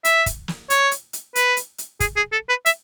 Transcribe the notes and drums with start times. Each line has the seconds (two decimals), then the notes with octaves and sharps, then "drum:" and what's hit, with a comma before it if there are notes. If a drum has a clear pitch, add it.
0.05 E5, drum: hi-hat
0.26 drum: kick, hi-hat
0.48 drum: snare
0.70 C#5, drum: hi-hat
0.91 drum: hi-hat
1.13 drum: hi-hat
1.35 B4, drum: hi-hat
1.57 drum: hi-hat
1.78 drum: hi-hat
2.00 G#4, drum: kick, hi-hat
2.16 G#4
2.32 A4
2.49 B4
2.66 E5, drum: hi-hat